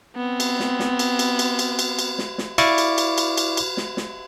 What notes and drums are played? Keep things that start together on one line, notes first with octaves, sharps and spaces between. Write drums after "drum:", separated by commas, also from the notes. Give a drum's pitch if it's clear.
B3 C4
drum: cymbal
drum: snare
drum: snare
drum: cymbal
drum: cymbal
drum: cymbal
drum: cymbal
drum: cymbal
drum: cymbal
drum: snare
drum: snare
E4 D5 F5 C#6 D6, drum: cymbal
drum: cymbal
drum: cymbal
drum: cymbal
drum: cymbal
drum: cymbal
drum: snare
drum: snare